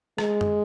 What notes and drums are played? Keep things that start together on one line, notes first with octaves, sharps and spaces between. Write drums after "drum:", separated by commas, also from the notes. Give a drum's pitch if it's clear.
G#3, drum: rim click
drum: tom F#2